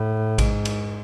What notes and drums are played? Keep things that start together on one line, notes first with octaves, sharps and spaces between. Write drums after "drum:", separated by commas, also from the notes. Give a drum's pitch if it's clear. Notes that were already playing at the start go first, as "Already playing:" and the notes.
Already playing: A2
G#2, drum: kick A1, cymbal
drum: cymbal